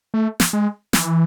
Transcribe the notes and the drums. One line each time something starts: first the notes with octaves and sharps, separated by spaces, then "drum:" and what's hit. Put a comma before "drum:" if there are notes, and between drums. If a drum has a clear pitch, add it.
A3
drum: snare
G#3
E3, drum: snare